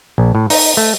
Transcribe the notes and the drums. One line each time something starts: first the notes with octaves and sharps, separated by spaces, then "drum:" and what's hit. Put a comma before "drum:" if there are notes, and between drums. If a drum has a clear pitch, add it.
A#1
A2
D#4, drum: open hi-hat
A3